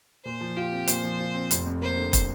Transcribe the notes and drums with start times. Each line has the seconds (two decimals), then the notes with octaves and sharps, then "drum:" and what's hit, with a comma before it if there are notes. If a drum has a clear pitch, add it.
0.25 A#2 C5
0.41 F3
0.57 F4 G4
0.72 C4
0.88 A#2 C5, drum: hi-hat
1.04 F3
1.20 F4
1.35 C4
1.51 F1, drum: hi-hat
1.66 F2
1.82 A#3 C5
1.97 D3
2.13 drum: kick, hi-hat